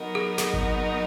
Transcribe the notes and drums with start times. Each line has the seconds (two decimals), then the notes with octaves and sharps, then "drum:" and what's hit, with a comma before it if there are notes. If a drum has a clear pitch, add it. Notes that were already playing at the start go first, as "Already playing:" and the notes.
Already playing: F#3 B3 D#4 F#4 A#4
0.15 G#4
0.38 G#4, drum: snare
0.53 drum: kick G#1